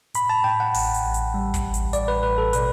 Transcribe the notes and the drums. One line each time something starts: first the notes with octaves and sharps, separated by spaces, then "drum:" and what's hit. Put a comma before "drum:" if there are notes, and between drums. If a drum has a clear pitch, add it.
A2 B5, drum: hi-hat
A5
A2 G5
F#5
A1, drum: open hi-hat
drum: hi-hat
A1
drum: hi-hat
G3
drum: kick, hi-hat
A1
drum: hi-hat
A1 D5, drum: hi-hat
B4
A1 B4
A4
B2 B4, drum: hi-hat